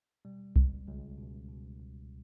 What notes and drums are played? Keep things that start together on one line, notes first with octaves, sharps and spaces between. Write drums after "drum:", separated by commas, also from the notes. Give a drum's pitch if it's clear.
B2 G3
C#2, drum: kick C2
C#2
B2
B2
C#2